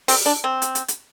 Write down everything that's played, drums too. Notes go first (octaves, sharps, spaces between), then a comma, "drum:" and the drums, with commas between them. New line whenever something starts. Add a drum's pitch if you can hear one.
C4, drum: open hi-hat
D4
C4
drum: hi-hat
drum: hi-hat
drum: hi-hat